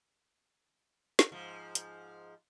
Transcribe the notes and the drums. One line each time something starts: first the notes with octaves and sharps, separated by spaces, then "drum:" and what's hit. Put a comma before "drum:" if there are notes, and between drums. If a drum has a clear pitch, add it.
drum: snare
G#2 F3
drum: hi-hat